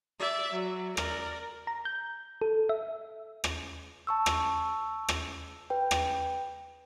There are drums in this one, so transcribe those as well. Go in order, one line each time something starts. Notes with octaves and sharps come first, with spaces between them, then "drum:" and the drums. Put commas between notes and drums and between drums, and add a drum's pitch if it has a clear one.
D5 E5
F#3
A#4 D5, drum: rim click
A#5
G6
A4
E5
drum: rim click
A5 C#6 E6
drum: rim click
drum: rim click
B4 G5
drum: rim click